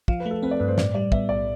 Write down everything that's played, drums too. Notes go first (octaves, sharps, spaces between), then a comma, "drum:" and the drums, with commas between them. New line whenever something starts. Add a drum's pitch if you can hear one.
F3 F5, drum: kick
B4
A3
A4
C4 B4
D5
G2 B4
C5
A2 D5, drum: snare
G3 D5
B3 E5, drum: kick
B1 D5